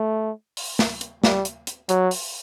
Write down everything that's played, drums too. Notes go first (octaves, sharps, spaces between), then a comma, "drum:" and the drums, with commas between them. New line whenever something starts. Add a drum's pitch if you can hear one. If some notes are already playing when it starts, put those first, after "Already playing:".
Already playing: A3
drum: open hi-hat
drum: snare
drum: hi-hat
G3, drum: snare
drum: hi-hat
drum: hi-hat
F#3, drum: hi-hat
drum: open hi-hat